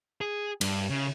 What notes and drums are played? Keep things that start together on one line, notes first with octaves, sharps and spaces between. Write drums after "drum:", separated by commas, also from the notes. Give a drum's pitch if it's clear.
G#4
G2, drum: cymbal
C#3